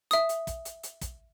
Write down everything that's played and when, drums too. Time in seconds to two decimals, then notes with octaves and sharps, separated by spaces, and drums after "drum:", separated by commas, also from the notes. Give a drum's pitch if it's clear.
0.11 E5 D#6, drum: hi-hat
0.29 drum: hi-hat
0.47 drum: kick, hi-hat
0.65 drum: hi-hat
0.83 drum: hi-hat
1.01 drum: kick, hi-hat